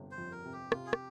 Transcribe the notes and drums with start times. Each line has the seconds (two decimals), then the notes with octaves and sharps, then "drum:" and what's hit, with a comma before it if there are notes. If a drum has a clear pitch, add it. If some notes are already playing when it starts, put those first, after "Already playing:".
Already playing: G1 C3
0.11 C5
0.18 F2
0.32 A#4
0.46 C3
0.53 G4
0.72 C3 F4, drum: rim click
0.87 G#4
0.93 G4, drum: rim click